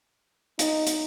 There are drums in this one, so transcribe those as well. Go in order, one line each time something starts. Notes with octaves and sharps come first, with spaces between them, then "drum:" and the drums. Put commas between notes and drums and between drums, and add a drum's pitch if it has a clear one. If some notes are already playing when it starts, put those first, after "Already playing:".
D#4, drum: hi-hat
drum: hi-hat